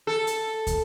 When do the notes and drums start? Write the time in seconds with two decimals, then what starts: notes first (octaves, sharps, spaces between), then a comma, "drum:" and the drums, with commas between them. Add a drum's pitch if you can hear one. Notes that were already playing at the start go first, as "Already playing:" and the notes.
0.07 A4
0.27 drum: hi-hat
0.67 drum: kick, hi-hat